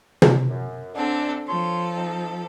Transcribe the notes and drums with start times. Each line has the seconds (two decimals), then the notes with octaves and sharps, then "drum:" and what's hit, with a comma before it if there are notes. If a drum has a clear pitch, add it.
0.22 drum: tom
0.50 F#2
0.95 F#2 D3 C4 D4 A4
1.48 F3 A4 C#5 C6
1.96 C4 D#4